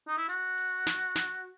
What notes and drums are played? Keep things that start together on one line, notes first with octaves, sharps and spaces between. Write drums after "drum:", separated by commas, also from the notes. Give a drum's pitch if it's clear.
D#4
E4
F#4, drum: hi-hat
drum: open hi-hat
drum: snare
drum: snare